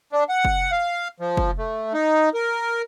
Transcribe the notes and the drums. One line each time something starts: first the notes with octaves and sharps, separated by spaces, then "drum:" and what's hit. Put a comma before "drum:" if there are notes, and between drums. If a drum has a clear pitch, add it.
D4
F#5
drum: kick
F5
F3
drum: kick
A3
D#4
A#4